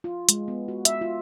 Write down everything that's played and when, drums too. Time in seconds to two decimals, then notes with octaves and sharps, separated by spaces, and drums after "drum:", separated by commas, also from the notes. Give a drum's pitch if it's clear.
0.04 F4
0.29 G#3, drum: hi-hat
0.48 B3
0.68 F#4
0.85 E5, drum: hi-hat
1.01 F4